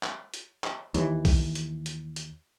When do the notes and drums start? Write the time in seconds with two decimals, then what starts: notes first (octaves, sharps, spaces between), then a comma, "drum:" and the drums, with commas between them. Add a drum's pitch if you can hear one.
0.03 drum: clap
0.34 drum: hi-hat
0.64 drum: clap
0.94 D#2 E3, drum: hi-hat
1.25 drum: kick B1, open hi-hat
1.55 drum: hi-hat
1.86 drum: hi-hat
2.16 drum: hi-hat